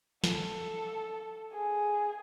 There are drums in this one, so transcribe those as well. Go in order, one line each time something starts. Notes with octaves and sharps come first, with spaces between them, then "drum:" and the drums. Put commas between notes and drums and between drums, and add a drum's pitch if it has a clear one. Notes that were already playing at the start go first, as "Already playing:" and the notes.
A4, drum: snare
G#4